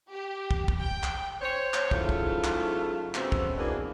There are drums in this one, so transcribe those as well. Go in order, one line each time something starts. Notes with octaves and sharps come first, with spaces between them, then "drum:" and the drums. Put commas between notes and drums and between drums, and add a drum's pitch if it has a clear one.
G4
drum: kick
drum: kick
G5
drum: clap
C5 C#5
drum: clap
G#2 C#3 F#3 A3 E4 F4, drum: kick
drum: kick
drum: clap
C#3 F#3 A3 B3 C4, drum: clap
drum: kick
E2 B2 E3 A#3 D4 G#4